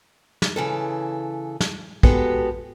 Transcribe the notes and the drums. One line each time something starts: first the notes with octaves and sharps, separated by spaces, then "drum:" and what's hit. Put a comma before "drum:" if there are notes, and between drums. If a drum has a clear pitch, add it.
drum: snare
C#3 E3 A4
drum: snare
G#3 B3 F#4 G4 A4, drum: kick